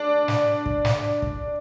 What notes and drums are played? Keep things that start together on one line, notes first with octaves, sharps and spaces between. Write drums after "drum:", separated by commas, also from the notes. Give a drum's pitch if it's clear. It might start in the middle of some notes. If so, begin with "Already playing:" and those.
Already playing: D4
drum: snare
drum: kick
drum: snare
drum: kick